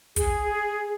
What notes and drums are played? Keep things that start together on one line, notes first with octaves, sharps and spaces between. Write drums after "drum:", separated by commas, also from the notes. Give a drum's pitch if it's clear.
G#4, drum: kick, hi-hat